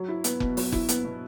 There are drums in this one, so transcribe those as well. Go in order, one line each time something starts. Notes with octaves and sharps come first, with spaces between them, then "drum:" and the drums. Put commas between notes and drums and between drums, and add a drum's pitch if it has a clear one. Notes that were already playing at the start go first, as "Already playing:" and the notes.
Already playing: F#3
E4
B3, drum: hi-hat
B2, drum: kick F1
F#3, drum: open hi-hat
E4, drum: kick F1
B3, drum: hi-hat
B2